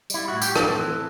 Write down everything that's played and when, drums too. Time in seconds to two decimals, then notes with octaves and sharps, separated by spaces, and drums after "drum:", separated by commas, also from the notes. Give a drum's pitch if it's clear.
0.10 G3 E4, drum: tambourine
0.28 A2 F#4
0.42 G4, drum: tambourine
0.56 C4 A4, drum: rim click
0.78 E3